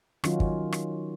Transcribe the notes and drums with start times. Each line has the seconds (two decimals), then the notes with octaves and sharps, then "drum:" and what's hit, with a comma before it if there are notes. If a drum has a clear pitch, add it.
0.24 D#3 F#3 C#4 D#4 F4 F#4, drum: rim click
0.40 drum: kick
0.72 drum: rim click